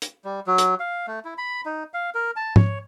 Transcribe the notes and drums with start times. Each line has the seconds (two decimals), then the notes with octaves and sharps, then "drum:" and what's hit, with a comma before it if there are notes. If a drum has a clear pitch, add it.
0.02 drum: hi-hat
0.25 G3
0.47 F#3
0.58 drum: hi-hat
0.80 F5
1.07 A3
1.25 E4
1.38 B5
1.65 D#4
1.94 F5
2.14 A#4
2.36 A5
2.56 C#5, drum: tom